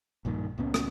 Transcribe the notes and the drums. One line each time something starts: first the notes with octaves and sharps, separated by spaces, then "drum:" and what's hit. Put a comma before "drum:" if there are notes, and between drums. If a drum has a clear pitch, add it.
A#1 G2 A#2 D#3
C#2 A#2 B3 C#4
drum: rim click